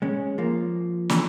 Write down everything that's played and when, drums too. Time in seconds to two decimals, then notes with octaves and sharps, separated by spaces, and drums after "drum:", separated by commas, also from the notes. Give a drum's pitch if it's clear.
0.02 G#3 C#4
0.38 F3 A#3
1.09 drum: snare